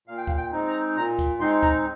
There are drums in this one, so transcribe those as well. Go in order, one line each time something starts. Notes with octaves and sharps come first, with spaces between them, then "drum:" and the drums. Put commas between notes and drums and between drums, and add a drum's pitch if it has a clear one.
A#2 F5
G5
F5, drum: kick D2
G5
G#3 C4 D#4
A#5
A#2 A#5
drum: kick D2, hi-hat
G#3 C4 D#4 C6
A#5, drum: kick D2, hi-hat